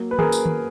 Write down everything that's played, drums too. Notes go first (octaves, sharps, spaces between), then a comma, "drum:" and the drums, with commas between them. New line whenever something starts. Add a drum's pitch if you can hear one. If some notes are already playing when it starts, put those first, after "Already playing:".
Already playing: F#3 A#3
B4
G#4 A#4, drum: tom D#3
drum: tambourine
drum: tom D#3